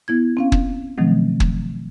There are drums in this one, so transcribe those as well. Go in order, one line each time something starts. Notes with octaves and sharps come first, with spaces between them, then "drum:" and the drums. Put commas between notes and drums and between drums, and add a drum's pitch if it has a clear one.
B3 E4 G#6
C4 C#4 F5
drum: kick
B2 D#3 F3 F#3 A3 C4
drum: kick